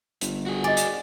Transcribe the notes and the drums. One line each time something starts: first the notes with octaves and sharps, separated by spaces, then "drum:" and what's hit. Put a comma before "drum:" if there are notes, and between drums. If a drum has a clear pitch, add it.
G1, drum: hi-hat
F#4 G#4
D5 D#5 G#5
drum: hi-hat